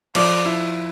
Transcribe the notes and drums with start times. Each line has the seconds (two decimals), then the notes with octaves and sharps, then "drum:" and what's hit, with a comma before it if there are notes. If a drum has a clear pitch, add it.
0.15 F3 D5, drum: cymbal
0.46 E4